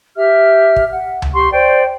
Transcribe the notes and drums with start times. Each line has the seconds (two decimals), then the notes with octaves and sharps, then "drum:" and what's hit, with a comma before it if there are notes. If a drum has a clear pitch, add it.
0.16 G4 E5 F6
0.76 drum: kick
0.89 F#5
1.22 drum: tom C#2
1.33 G4 C6 C#6
1.51 C5 D5 G5